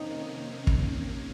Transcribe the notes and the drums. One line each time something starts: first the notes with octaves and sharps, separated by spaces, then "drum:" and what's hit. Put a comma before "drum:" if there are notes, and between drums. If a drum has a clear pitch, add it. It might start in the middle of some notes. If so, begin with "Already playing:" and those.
Already playing: F2 C3 D#3 A#3 C4 C#4 D#4
drum: kick